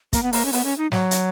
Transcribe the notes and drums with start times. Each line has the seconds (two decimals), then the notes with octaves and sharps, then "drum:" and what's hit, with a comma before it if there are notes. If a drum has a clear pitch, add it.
0.13 A#3, drum: kick, hi-hat
0.23 B3
0.33 A#3, drum: open hi-hat
0.45 C#4
0.53 B3, drum: open hi-hat
0.65 C#4
0.78 D#4
0.92 F#3, drum: snare
1.11 drum: hi-hat